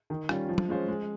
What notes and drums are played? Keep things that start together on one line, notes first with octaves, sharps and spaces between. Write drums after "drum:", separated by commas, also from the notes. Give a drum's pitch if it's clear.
D#3
G3 C#4 F4, drum: rim click
F3
drum: tom
G#3 C#4 F4 C5
G#3